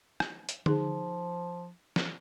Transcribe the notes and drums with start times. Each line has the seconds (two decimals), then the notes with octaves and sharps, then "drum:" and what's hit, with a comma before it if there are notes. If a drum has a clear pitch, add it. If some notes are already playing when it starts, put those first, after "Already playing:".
0.20 drum: rim click
0.49 drum: hi-hat
0.66 F3 D#4 G#4, drum: tom D3
1.96 drum: snare